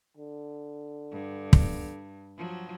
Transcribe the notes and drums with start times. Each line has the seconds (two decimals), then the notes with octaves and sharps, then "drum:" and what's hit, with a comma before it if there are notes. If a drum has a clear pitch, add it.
0.17 D3
1.12 G2
1.53 drum: kick
2.37 F3 F#3